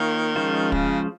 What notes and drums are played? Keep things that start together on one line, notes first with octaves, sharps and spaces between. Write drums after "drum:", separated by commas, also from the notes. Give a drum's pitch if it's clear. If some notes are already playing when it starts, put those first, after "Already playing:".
Already playing: D#3 A#3 F4 A#4 C#5
F3 G#3 C#4 F4 C5
C#3, drum: kick